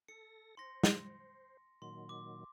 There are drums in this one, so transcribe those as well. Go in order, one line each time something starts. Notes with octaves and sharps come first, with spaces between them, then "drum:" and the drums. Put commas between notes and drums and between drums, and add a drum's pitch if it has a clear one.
A4 A#6 C#7
C5 C6 A#6
drum: snare
A#2 D#3 F#3 C6
D6